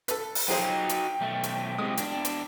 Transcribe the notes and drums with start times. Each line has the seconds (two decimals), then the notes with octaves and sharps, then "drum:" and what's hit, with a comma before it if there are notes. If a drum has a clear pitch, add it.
0.08 A4 B4, drum: hi-hat
0.35 drum: open hi-hat
0.48 F3 F#3 D#4 G#4 C5 G5
0.89 drum: hi-hat
1.21 B1 A3
1.43 drum: hi-hat
1.79 C3 G#3 D#6
1.97 E2 D4, drum: hi-hat
2.25 drum: hi-hat